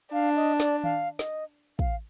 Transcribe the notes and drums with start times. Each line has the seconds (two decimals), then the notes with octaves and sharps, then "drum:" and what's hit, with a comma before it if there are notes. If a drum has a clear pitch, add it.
0.13 D4 F5
0.36 D#5
0.60 D5, drum: snare
0.84 F5, drum: tom D#3
1.19 D#5, drum: snare
1.79 F5, drum: kick